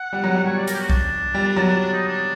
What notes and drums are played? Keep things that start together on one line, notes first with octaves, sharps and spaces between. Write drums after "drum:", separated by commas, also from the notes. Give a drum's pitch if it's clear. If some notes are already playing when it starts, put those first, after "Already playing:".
Already playing: F#5
G3
F#3
G3
G3 C#5
D5
A#4, drum: hi-hat
G4
F#4
D4, drum: kick B1
G3
F#3
D4
D#4
D4